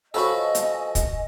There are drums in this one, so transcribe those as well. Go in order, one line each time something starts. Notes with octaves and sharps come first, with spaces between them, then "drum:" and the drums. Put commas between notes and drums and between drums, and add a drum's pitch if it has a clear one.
F3 F#4 A4 B4 C#5 D#5 G#5
drum: hi-hat
drum: kick, hi-hat